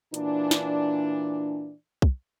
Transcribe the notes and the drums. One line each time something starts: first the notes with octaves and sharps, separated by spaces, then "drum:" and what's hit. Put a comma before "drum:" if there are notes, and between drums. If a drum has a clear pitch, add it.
A#2 E3 D4, drum: hi-hat
drum: snare
drum: kick